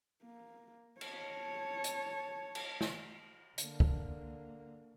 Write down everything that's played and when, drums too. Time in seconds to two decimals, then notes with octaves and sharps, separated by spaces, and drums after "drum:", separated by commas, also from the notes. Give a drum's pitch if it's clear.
0.24 A#3
1.01 C#5 A5, drum: cymbal
1.84 drum: hi-hat
2.55 drum: cymbal
2.81 drum: snare
3.58 D3 A#3, drum: hi-hat
3.80 drum: kick